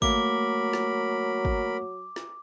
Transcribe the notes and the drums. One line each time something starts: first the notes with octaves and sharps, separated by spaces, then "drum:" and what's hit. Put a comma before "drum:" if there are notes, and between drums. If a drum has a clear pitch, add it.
F#3 A3 A#3 A#4 B5 D6, drum: kick
drum: snare
drum: kick
drum: snare